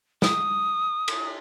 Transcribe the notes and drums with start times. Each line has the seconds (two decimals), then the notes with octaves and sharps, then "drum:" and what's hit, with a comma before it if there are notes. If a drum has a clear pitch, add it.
0.22 D#6, drum: snare
1.08 drum: cymbal